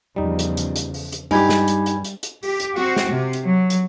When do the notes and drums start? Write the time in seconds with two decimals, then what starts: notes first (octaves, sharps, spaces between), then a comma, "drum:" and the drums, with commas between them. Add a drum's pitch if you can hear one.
0.16 E2 C#3 F3 G3 D#4
0.39 drum: hi-hat
0.57 drum: hi-hat
0.76 drum: hi-hat
0.94 drum: open hi-hat
1.12 drum: hi-hat
1.31 G2 G3 D#4 G4 G#5 B5 G#6, drum: open hi-hat
1.49 drum: snare
1.68 drum: hi-hat
1.86 drum: hi-hat
2.04 drum: hi-hat
2.23 drum: hi-hat
2.43 G4, drum: open hi-hat
2.60 drum: hi-hat
2.76 C4 F#4, drum: open hi-hat
2.96 drum: snare
3.10 C3
3.33 drum: hi-hat
3.47 F#3
3.70 drum: hi-hat